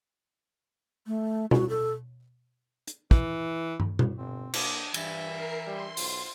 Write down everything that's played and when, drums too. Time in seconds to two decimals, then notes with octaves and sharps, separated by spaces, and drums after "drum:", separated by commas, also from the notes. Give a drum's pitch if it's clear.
1.07 A3
1.51 F#4, drum: tom B2
1.69 A4
2.87 drum: hi-hat
3.11 E3, drum: kick
3.80 drum: tom
3.99 drum: tom B2
4.18 G1 C4
4.54 A#3 D4 D6 D#6, drum: cymbal
4.94 G2 E3 E5, drum: cymbal
5.25 A#4 C7
5.67 G3 C6
5.97 B1 F4 C5, drum: open hi-hat